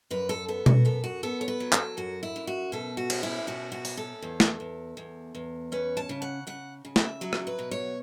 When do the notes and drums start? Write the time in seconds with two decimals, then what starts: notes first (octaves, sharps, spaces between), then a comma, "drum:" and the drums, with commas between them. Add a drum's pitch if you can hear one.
0.11 F#2 B4
0.29 A4
0.48 B3 A4
0.66 F#4, drum: tom B2
0.85 F#2 A4
1.04 F#4
1.23 B3 A4
1.41 C#5
1.48 B4
1.60 F#3
1.73 A4, drum: clap
1.97 F#2 F#4
2.23 E4
2.36 F#2
2.47 F#4
2.72 B2 A4
2.97 F#4
3.10 C#4, drum: cymbal
3.23 E4
3.47 B2 F#4
3.72 F#4
3.85 C#4, drum: open hi-hat
3.97 A4
4.22 E2
4.40 drum: snare
4.60 E2
4.97 E2
5.35 E2
5.72 C#4 B4
5.97 A5
6.09 C#3
6.22 F#5
6.47 C#3 F#5
6.85 C#3
6.96 E5, drum: snare
7.21 F#3 F#4
7.33 drum: rim click
7.47 B4
7.59 B2
7.71 C#5